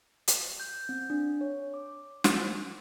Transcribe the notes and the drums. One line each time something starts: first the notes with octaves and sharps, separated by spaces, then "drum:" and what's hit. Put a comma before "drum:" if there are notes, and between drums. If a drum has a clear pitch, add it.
drum: hi-hat
G6
C4
D4
C#5
D6
drum: snare